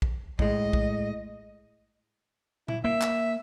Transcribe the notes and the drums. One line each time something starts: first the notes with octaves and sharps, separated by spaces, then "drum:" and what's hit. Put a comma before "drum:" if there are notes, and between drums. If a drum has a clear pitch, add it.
drum: kick
A2 G#3 D#5, drum: kick
drum: kick
E4, drum: tom A#2
A#3 E5
drum: clap